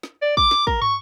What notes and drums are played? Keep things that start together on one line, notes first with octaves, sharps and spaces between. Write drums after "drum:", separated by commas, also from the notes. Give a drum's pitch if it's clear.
drum: snare
D5
D6, drum: kick
drum: snare
A#4, drum: kick
C#6, drum: tom